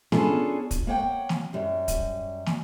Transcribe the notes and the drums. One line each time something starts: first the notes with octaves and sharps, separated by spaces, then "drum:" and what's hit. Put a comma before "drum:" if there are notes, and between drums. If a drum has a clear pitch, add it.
B3 C#4 D4 F4 G#4 A4, drum: snare
drum: kick, hi-hat
A#3 C#5 F#5 G5
drum: snare
F#2 G3
drum: kick, hi-hat
drum: snare